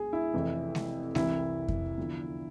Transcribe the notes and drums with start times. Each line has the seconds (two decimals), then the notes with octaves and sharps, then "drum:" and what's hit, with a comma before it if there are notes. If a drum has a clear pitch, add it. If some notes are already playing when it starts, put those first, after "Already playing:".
Already playing: B1 B2 G#4
0.13 E4
0.34 F1 F2 E3
0.75 drum: snare G#3
1.15 C2 C3 E3 E4, drum: snare G#3
1.68 drum: kick F2
1.97 E2 D3 F3